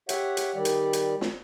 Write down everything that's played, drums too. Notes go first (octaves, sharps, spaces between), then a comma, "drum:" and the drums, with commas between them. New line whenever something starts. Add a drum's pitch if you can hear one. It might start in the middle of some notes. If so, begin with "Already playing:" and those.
G4 C#5 E5 F#5, drum: hi-hat
drum: hi-hat
D#3 G3 G4 D5
drum: hi-hat
drum: hi-hat
drum: snare